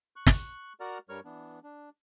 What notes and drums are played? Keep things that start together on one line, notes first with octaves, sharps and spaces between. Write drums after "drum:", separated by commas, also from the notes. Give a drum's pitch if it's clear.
C#6 F#6
drum: snare
F#4 A#4 D5 F#5 A#5 F6
G2 G3 A#4 C#5 C#6 F6
E3 B3 D4
D4